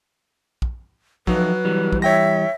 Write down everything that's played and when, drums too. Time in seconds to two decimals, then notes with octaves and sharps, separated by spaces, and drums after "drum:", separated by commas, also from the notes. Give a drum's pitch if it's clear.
0.62 drum: kick
1.27 F3 F#3 D#4 B4, drum: kick
1.65 E3 G3
1.93 drum: kick
2.02 C#5 E5 G5 A#6